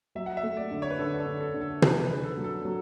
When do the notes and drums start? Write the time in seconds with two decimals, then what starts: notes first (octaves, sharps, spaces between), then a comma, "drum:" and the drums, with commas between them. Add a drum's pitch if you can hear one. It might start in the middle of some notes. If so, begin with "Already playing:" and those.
0.15 F#3 E5
0.26 F#5
0.37 E5
0.43 A3
0.57 D5
0.71 D3
0.82 C#5
0.90 B4
0.99 D3 A4
1.20 A4
1.26 D3
1.40 A4
1.54 D3
1.61 A4
1.82 D3 B4, drum: tom
2.03 B4
2.10 D3
2.23 A4
2.37 F#3
2.44 A4
2.65 F#3